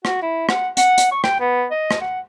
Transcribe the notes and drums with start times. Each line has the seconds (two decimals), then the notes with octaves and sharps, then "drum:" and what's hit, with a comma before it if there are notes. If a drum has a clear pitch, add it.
0.05 F#4, drum: rim click
0.22 E4
0.49 F#5, drum: rim click
0.77 F#5, drum: hi-hat
0.98 drum: hi-hat
1.12 C#6
1.24 G5, drum: rim click
1.40 B3
1.71 D#5
1.91 drum: rim click
2.01 F#5